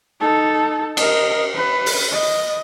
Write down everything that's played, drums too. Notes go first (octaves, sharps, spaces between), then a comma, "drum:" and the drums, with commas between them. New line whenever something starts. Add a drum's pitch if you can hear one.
D#4 A4
A#4 D#5, drum: cymbal
B4
drum: open hi-hat
D#5